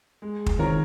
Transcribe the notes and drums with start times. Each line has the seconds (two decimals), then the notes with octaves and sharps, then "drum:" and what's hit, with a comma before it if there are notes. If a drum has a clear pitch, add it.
0.22 G#3
0.46 drum: kick
0.58 D#3 C4 F4 A#4 C#5